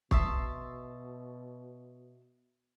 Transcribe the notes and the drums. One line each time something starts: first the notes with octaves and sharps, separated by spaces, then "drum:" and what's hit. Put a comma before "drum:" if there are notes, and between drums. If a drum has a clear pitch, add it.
B2 E5 A5 C6 C#6 D#6 E6, drum: kick